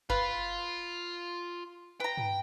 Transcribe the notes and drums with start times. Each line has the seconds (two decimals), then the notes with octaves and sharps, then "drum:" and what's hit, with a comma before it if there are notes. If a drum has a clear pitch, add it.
0.10 F4 B4, drum: kick F#1
2.00 B4 G5 A#5
2.17 drum: tom